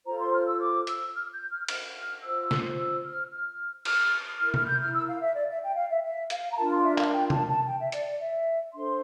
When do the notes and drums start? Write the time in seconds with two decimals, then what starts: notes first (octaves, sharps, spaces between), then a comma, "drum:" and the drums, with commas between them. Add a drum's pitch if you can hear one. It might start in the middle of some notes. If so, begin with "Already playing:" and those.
0.06 F4 A4 C5 A#5
0.20 C6
0.33 F6
0.46 E6
0.61 D6
0.87 E6, drum: hi-hat
1.14 F6
1.33 G6
1.51 F6
1.68 F6, drum: cymbal
1.95 F6
2.23 F4 C5 E6
2.51 drum: snare
2.77 E6
3.04 F6
3.31 F6
3.85 F6, drum: cymbal
4.40 E4 A#4 F6
4.54 F6, drum: tom C3
4.67 G6
4.80 F6
4.94 E6
5.08 F5
5.22 E5
5.35 D5
5.49 E5
5.62 G5
5.76 F5
5.90 E5
6.03 E5
6.30 F5, drum: hi-hat
6.51 A#5
6.57 D4 F4 A#4 A5
6.71 C6
6.84 E5
6.98 F5, drum: clap
7.12 G5
7.30 A5, drum: tom C3
7.48 A5
7.66 G5
7.79 E5
7.92 D5, drum: hi-hat
8.06 D5
8.21 E5
8.74 D4 A4 C5 C6